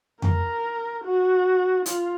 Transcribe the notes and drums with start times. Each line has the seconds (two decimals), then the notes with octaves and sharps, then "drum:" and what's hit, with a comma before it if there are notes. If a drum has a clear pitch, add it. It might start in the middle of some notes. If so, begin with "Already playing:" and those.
0.22 A#4, drum: tom F2
1.04 F#4
1.86 F4, drum: hi-hat